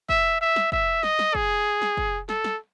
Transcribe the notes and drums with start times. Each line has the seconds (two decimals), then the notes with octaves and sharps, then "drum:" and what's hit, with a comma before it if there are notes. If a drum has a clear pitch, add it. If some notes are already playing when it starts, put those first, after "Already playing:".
0.09 E5, drum: kick
0.41 E5
0.56 drum: snare
0.72 E5, drum: kick
1.03 D#5, drum: snare
1.19 drum: snare
1.35 G#4, drum: kick
1.82 drum: snare
1.97 drum: kick
2.29 A4, drum: snare
2.44 drum: snare